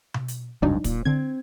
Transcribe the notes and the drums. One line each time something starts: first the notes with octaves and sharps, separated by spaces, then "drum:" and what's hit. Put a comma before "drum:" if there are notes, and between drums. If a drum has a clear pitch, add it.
drum: tom B2
drum: hi-hat
F1 C#2 G2 F#3 D4 D#4
A#2, drum: kick, hi-hat
D3 C4 G#6